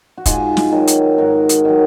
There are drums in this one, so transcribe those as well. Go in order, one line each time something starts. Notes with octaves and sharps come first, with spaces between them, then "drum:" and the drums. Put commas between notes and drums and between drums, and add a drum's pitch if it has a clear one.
F#4
G#2 F4 G#4, drum: kick, hi-hat
drum: snare
D#3 F#3
drum: hi-hat
G#2 F#4 A#4
drum: hi-hat
D#3 F#3